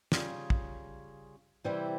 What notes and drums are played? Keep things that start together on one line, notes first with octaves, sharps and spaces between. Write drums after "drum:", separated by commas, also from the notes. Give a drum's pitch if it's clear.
C#3 G3 C#4 F4 G#4, drum: snare
drum: kick
C3 E3 G3 C4 E4